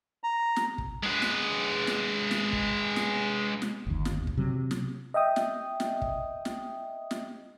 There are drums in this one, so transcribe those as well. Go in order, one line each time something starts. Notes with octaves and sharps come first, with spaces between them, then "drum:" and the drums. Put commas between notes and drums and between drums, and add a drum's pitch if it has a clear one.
A#5
drum: snare
drum: kick
G#3 B4
drum: snare
drum: snare
drum: snare
drum: kick
drum: snare
drum: snare
G1 D#2
drum: snare
drum: kick
C3 F#3
drum: snare
D#5 E5 G5 D#6
drum: snare
drum: snare
drum: kick
drum: snare
drum: snare